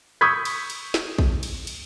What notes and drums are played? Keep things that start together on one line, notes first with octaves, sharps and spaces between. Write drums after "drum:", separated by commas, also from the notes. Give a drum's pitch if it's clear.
C#6 D#6 E6 G6 G#6 B6
drum: cymbal
drum: cymbal
drum: snare
drum: kick
drum: cymbal
drum: cymbal